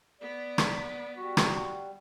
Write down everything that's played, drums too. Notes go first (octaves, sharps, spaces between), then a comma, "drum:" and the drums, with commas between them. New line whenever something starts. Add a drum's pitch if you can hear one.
B3 D5
drum: rim click
G3 F#4
drum: rim click